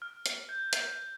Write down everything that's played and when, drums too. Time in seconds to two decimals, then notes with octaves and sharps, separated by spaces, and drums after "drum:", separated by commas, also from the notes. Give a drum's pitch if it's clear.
0.02 F6
0.26 drum: hi-hat
0.49 G6
0.73 drum: hi-hat